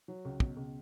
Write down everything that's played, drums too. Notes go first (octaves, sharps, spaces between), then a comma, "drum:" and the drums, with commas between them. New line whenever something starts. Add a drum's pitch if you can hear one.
F#3
C#2
B2, drum: kick
C#2